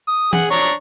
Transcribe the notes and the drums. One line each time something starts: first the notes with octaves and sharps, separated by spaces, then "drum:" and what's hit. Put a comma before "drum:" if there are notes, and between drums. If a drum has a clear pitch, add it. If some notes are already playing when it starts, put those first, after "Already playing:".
D#6
G#4 F#5, drum: tom E3
D4 C#5 A#5